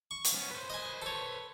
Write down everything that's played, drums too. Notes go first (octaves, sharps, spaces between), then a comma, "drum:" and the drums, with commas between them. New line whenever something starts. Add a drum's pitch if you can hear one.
C#6
drum: hi-hat
B3 C#4
B4 C5
D#5 G#5
A4 C#5